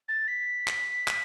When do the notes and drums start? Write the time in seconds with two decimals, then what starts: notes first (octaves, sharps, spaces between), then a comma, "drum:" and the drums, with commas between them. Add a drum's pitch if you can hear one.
0.08 A6
0.27 B6
0.68 drum: clap
1.08 drum: clap